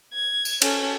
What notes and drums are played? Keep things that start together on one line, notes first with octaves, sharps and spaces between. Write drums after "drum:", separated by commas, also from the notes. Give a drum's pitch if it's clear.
G#6
drum: tambourine
C#4 A4, drum: cymbal